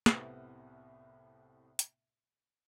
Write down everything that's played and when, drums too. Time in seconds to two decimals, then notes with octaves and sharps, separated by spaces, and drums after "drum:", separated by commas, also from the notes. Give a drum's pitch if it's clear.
0.06 C2 A2 C3 B3, drum: snare
1.79 drum: hi-hat